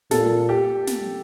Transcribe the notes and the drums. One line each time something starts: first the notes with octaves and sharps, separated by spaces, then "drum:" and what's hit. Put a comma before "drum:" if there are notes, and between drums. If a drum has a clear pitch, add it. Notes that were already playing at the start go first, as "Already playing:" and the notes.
A#2 A4, drum: snare
G4
drum: snare